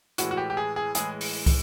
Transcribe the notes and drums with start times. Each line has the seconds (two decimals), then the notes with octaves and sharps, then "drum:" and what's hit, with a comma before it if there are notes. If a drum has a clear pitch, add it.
0.18 A2 E3 G#3 F#4, drum: hi-hat
0.31 F#4
0.37 G4
0.50 G4
0.57 G#4
0.76 G#4
0.95 A2 E3 G#3 G#4, drum: hi-hat
1.21 drum: open hi-hat
1.46 drum: kick, open hi-hat